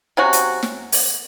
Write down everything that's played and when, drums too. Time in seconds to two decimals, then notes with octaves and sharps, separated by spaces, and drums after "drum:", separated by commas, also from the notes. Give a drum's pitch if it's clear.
0.17 C3 F#3 C#4 F#4
0.33 drum: hi-hat
0.63 drum: snare
0.92 drum: open hi-hat